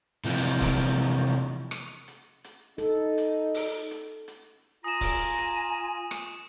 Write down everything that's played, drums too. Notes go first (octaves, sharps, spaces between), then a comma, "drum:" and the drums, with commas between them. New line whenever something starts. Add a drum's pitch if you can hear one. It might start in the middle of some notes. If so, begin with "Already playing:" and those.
C3 E3 F3
drum: kick, open hi-hat
drum: hi-hat
drum: rim click
drum: hi-hat
drum: hi-hat
D#4 A4, drum: hi-hat
drum: hi-hat
drum: open hi-hat
drum: hi-hat
drum: hi-hat
F4 G#5 A#5 D#6 E7
drum: kick, open hi-hat
drum: hi-hat
drum: rim click